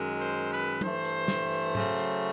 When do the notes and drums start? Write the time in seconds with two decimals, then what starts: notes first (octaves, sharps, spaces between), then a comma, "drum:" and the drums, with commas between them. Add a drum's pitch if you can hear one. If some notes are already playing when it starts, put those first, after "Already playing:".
Already playing: F#2 D#3 G#3
0.20 C5
0.50 B4
0.81 G2 E3 A3 C5, drum: tom F#3
1.05 drum: hi-hat
1.28 drum: snare
1.51 drum: hi-hat
1.75 C#3 F#3 A3, drum: tom G#2
1.98 drum: hi-hat